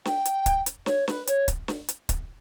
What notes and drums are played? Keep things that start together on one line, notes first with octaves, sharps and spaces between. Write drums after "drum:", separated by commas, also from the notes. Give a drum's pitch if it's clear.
G5, drum: snare
drum: hi-hat
drum: kick, hi-hat
drum: hi-hat
C#5, drum: snare
B4, drum: snare
C#5, drum: hi-hat
drum: kick, hi-hat
drum: snare
drum: hi-hat
drum: kick, hi-hat